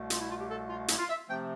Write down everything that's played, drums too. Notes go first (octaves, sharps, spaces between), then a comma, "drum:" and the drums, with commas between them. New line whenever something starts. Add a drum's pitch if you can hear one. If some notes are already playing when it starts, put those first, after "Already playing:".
Already playing: C2 B2 A3
F4, drum: hi-hat
E4
F4
G4
A4
F4
E4, drum: hi-hat
F4
E5
C3 F3 A3 C4 G5